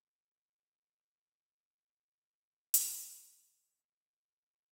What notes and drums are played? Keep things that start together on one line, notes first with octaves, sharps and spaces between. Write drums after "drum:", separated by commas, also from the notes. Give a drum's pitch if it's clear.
C#4 F#4 G#4 A4 A5 D6
C#4 D#4 F4 B4 G5
C#5 D#5 F5 F#5 A#5
C5 B5 C6
drum: hi-hat
D3 E7
A2 D3 G#4
F4
E3 F3 E4 C#5
C3 D#3
G#2 A3